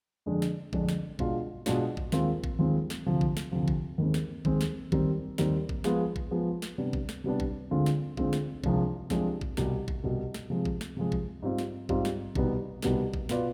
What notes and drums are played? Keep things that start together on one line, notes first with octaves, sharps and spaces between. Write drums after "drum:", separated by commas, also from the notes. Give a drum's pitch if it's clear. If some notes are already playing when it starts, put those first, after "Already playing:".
F2 D3 G#3 D4
drum: snare
F2 D3 G#3 D4, drum: kick A1
drum: snare
B2 G#3 D4 F4, drum: kick A1
B2 G#3 D4 F4, drum: snare
drum: kick A1
D#2 D#3 G#3 C4 F4, drum: snare
drum: kick A1
D#2 D#3 G#3 C4 F4
drum: snare
D2 C3 F3
drum: kick A1
drum: snare
D2 C3 F3
drum: kick A1
D#2 D#3 G#3 C4
drum: snare
D#2 D#3 G#3 C4, drum: kick A1
drum: snare
D#2 D#3 G3 C4 D#4, drum: kick A1
D#2 D#3 G3 C4 D#4, drum: snare
drum: kick A1
F3 G#3 B3 F4 G#4, drum: snare
drum: kick A1
F3 G#3 B3 F4 G#4
drum: snare
C3 G3 B3 D4
drum: kick A1
drum: snare
C3 G3 B3 D4
drum: kick A1
D2 D3 G#3 C4 F4
drum: snare
D2 D3 G#3 C4 F4, drum: kick A1
drum: snare
C2 C3 F3 G#3 D4, drum: kick A1
C2 C3 F3 G#3 D4, drum: snare
drum: kick A1
C2 B2 G3, drum: snare
drum: kick A1
C2 B2 G3
drum: snare
C3 F3 G#3
drum: kick A1
drum: snare
C3 F3 G#3
drum: kick A1
G#2 G3 C4 F4
drum: snare
G#2 G3 C4 F4, drum: kick A1
drum: snare
C2 B2 G3 B3 D#4, drum: kick A1
C2 B2 G3 B3 D#4, drum: snare
drum: kick A1
B2 B3 F4 B4 D5, drum: snare